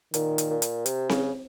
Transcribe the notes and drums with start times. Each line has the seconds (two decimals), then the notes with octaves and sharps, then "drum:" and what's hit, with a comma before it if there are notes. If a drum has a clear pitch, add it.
0.14 A#2 D#3, drum: hi-hat
0.38 drum: hi-hat
0.50 A#2
0.62 drum: hi-hat
0.86 C3, drum: hi-hat
1.09 C#3, drum: snare C4